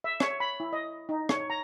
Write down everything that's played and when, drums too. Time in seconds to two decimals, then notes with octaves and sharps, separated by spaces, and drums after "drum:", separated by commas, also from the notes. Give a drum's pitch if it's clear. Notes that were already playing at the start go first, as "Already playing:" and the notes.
0.04 E5
0.20 C#5, drum: rim click
0.40 B5
0.60 E4
0.73 D#5
1.09 D#4
1.29 C#5, drum: rim click
1.50 A#5